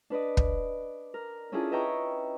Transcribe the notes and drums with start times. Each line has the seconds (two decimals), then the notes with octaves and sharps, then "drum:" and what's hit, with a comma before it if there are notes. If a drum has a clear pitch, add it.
0.10 D4 B4 D5 D#5
0.37 drum: kick
1.14 A#4
1.52 C#4 D4 E4 F4 G#4 A4
1.71 B4 D#5 E5 G5 A#5 C#6